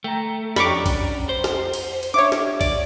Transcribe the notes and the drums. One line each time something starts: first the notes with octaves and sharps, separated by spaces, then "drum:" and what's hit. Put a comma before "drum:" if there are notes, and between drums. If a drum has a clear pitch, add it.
A3 G5 A#5
F2 C#4 D4 G5 A#5 B5 C#6 D6, drum: snare
drum: kick A#1, cymbal
C5
drum: snare
drum: cymbal
drum: cymbal
D4 C#5 E5 D6 G#6
drum: snare
D5, drum: kick A#1, cymbal